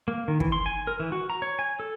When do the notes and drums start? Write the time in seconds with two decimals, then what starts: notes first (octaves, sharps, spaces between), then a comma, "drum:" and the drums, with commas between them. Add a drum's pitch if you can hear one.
0.08 A#3
0.28 D#3
0.40 E3, drum: kick
0.52 C6
0.66 G#5
0.87 A#4
1.00 E3
1.12 F#4
1.30 A#5
1.42 C#5
1.59 G#5
1.80 A4